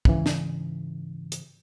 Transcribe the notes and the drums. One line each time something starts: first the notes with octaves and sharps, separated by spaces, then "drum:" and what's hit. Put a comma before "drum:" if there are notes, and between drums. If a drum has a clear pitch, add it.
G#2 C#3 E3, drum: kick
drum: snare
drum: hi-hat